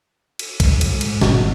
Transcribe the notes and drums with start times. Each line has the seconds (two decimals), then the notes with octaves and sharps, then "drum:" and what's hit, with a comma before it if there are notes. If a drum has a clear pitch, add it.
0.39 drum: cymbal
0.60 drum: kick, cymbal
0.81 G#2, drum: cymbal
1.01 drum: cymbal
1.21 G#1 B2, drum: snare